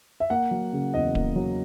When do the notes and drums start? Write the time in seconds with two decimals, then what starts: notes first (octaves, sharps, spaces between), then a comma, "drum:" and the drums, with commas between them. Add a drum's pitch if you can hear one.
0.20 E5
0.30 A#3 F#5
0.51 F#3
0.73 C#3
0.94 E2 D#5
1.15 A#3, drum: kick D1
1.36 F#3